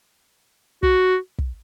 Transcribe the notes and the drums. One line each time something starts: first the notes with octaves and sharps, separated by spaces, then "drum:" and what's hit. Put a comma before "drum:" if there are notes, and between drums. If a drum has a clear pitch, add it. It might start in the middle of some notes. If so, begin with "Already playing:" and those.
F#4, drum: kick
drum: kick